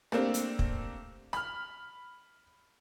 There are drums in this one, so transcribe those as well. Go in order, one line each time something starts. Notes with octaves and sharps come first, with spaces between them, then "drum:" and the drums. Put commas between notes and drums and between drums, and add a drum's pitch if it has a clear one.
A3 A#3 C4 D4 G4, drum: rim click
drum: hi-hat
drum: kick
B5 F6, drum: rim click